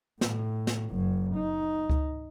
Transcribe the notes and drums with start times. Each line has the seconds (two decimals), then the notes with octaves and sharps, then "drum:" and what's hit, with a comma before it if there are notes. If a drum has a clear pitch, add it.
0.21 A2, drum: snare
0.67 drum: snare
0.90 F#1 F#2
1.35 D#4
1.90 drum: kick C#2